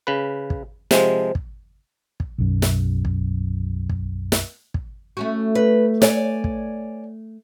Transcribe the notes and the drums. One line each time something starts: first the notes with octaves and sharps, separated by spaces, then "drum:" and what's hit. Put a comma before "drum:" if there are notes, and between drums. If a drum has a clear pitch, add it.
C#3 B4
drum: kick
C3 F3 G#3 C5, drum: snare
drum: kick
drum: kick
B1 F#2
drum: snare
drum: kick
drum: kick
drum: snare
drum: kick
A3 C#4 F#4
B4
C#5 D5 G#5, drum: snare
drum: kick